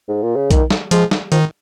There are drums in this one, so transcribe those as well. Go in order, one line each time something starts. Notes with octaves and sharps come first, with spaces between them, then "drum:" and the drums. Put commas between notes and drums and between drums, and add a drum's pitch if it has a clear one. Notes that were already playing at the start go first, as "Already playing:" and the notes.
G#2
A#2
C#3
D#3, drum: kick B1, hi-hat
drum: snare
F3 G#3, drum: hi-hat
drum: snare
D#3 F3, drum: hi-hat